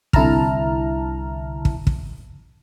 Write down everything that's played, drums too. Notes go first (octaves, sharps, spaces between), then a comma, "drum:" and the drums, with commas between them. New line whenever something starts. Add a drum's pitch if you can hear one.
C2 D3 E4 A5 A#5 F6, drum: kick
drum: kick
drum: kick